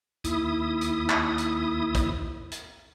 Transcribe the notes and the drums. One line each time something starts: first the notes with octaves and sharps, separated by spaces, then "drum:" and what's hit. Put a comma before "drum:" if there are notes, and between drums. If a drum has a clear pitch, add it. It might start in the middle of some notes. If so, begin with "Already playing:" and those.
D#2 E4 D#6, drum: hi-hat
drum: hi-hat
drum: clap
drum: hi-hat
drum: kick, hi-hat
drum: hi-hat